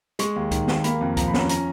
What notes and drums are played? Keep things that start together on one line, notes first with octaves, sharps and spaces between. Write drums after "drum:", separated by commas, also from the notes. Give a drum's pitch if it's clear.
G#3 C#6, drum: hi-hat
D#2
D#3, drum: kick C#2, hi-hat
D#2, drum: snare
A#3 B5, drum: hi-hat
F2
F3 A#5, drum: kick C#2, hi-hat
B5
C#4 A#5, drum: snare
C#4 A#5, drum: hi-hat